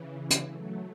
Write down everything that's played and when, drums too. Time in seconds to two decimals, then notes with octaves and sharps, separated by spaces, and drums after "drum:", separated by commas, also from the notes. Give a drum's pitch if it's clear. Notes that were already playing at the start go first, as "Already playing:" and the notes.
Already playing: C#3 E3
0.30 drum: hi-hat
0.48 F#3 A3